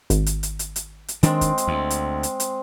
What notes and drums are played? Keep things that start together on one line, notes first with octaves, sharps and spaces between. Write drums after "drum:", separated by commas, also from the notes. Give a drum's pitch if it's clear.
G#1, drum: hi-hat
drum: hi-hat
drum: hi-hat
drum: hi-hat
drum: hi-hat
drum: hi-hat
D#3 G#3 C4 D4, drum: hi-hat
drum: kick, hi-hat
drum: hi-hat
D2
drum: hi-hat
drum: hi-hat
drum: hi-hat